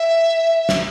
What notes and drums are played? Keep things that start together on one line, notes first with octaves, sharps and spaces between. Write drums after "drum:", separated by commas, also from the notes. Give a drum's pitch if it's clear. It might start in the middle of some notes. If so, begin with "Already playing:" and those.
Already playing: E5
drum: snare